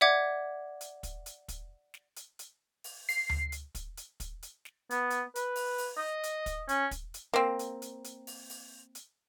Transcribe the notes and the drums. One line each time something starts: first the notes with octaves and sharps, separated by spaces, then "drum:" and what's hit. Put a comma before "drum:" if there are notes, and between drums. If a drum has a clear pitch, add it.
D5 E5 F#5 D6 G#6
drum: hi-hat
drum: kick, hi-hat
drum: hi-hat
drum: kick, hi-hat
drum: snare
drum: hi-hat
drum: hi-hat
drum: open hi-hat
C7, drum: open hi-hat
drum: tom D2
drum: hi-hat
drum: kick, hi-hat
drum: hi-hat
drum: kick, hi-hat
drum: hi-hat
drum: snare
B3, drum: hi-hat
drum: hi-hat
B4, drum: hi-hat
drum: open hi-hat
drum: open hi-hat
D#5
drum: hi-hat
drum: kick, hi-hat
C#4, drum: hi-hat
drum: kick, hi-hat
drum: hi-hat
A#3 C4
drum: hi-hat
drum: hi-hat
drum: hi-hat
drum: open hi-hat
drum: open hi-hat
drum: hi-hat